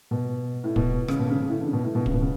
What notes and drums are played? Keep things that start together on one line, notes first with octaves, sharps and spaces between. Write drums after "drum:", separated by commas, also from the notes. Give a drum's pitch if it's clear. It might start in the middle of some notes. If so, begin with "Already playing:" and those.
B2
A2
B2, drum: kick
C#3, drum: rim click
B2
D3
C#3
C#3
A2
D3
C#3
B2
A2
B2
C#3, drum: kick
B2
C#3